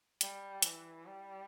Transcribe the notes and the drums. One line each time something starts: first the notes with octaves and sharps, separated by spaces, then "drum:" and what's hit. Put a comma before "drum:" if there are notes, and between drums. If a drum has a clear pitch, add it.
G3, drum: hi-hat
E3, drum: hi-hat
G3